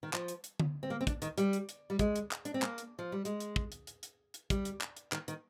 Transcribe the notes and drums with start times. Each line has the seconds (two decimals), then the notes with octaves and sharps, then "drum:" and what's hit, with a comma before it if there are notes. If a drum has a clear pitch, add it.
0.03 D#3
0.13 F3, drum: clap
0.28 drum: hi-hat
0.44 drum: hi-hat
0.59 drum: tom D3
0.83 C4
0.90 A#3
1.01 C4
1.07 D4, drum: kick, hi-hat
1.22 D#3, drum: hi-hat
1.38 G3, drum: hi-hat
1.53 drum: hi-hat
1.69 drum: hi-hat
1.90 G3
1.99 G#3, drum: kick, hi-hat
2.16 drum: hi-hat
2.31 drum: clap
2.45 D4, drum: hi-hat
2.54 C4
2.62 A#3, drum: clap
2.78 drum: hi-hat
2.99 F3
3.12 G3
3.25 G#3, drum: hi-hat
3.40 drum: hi-hat
3.56 drum: kick
3.72 drum: hi-hat
3.87 drum: hi-hat
4.03 drum: hi-hat
4.34 drum: hi-hat
4.50 G3, drum: kick, hi-hat
4.65 drum: hi-hat
4.81 drum: clap
4.97 drum: hi-hat
5.12 D#3, drum: clap
5.28 D#3, drum: hi-hat